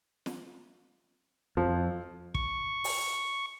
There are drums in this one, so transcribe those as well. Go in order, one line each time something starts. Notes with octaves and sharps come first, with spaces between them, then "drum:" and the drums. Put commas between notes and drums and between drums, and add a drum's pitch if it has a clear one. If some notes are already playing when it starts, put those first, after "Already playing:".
drum: snare
F2 F3
C#6, drum: kick
drum: open hi-hat